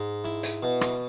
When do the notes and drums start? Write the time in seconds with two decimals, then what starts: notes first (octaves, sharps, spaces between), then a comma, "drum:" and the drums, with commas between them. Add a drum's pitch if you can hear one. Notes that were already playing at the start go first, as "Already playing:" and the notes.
Already playing: G#2
0.24 E4
0.43 drum: hi-hat
0.63 B2
0.81 drum: rim click